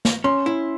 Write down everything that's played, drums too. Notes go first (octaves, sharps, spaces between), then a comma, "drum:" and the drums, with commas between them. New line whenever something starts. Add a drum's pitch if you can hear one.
drum: snare
C#4 C6
E4